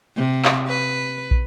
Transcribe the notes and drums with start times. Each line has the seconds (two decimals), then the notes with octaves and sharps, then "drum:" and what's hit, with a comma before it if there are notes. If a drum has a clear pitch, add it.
0.16 C3
0.45 drum: clap
0.68 B4
1.31 drum: kick